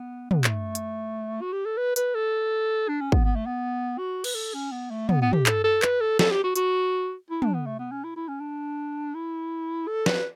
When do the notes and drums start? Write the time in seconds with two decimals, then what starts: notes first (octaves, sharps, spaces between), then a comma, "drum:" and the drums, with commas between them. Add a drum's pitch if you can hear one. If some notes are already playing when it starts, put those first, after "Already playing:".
Already playing: B3
0.31 B3, drum: tom
0.44 B3, drum: clap
0.48 A3
0.75 drum: hi-hat
1.41 F#4
1.52 G4
1.65 A4
1.77 B4
1.96 B4, drum: hi-hat
2.15 A4
2.88 D4
3.00 C#4
3.12 B3, drum: kick
3.24 B3
3.35 A3
3.46 B3
3.98 F#4
4.24 B4, drum: cymbal
4.35 A4
4.54 C#4
4.72 B3
4.91 A3
5.09 B3, drum: tom
5.22 B3
5.33 G4, drum: tom
5.46 A4, drum: clap
5.64 A4
5.82 B4, drum: clap
6.01 A4
6.19 A4, drum: snare
6.31 G4
6.44 F#4
6.56 F#4, drum: hi-hat
7.30 E4
7.42 D4, drum: tom
7.54 B3
7.66 A3
7.79 B3
7.91 C#4
8.04 E4
8.16 E4
8.28 C#4
8.40 D4
9.14 E4
9.87 A4
10.06 B4, drum: snare